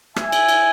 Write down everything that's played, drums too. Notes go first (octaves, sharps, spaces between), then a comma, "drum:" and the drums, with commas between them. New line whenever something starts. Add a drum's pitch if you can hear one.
E5 G#5, drum: rim click
drum: cymbal
drum: cymbal